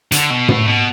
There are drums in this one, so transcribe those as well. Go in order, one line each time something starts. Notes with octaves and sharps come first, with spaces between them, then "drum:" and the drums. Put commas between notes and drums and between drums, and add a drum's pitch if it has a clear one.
D3, drum: hi-hat
B2
A2, drum: tom
B2